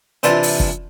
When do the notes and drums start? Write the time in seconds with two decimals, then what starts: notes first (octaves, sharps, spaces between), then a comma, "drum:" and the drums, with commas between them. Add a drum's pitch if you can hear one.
0.23 C3 E3 D4 F4, drum: hi-hat
0.43 drum: open hi-hat
0.60 drum: kick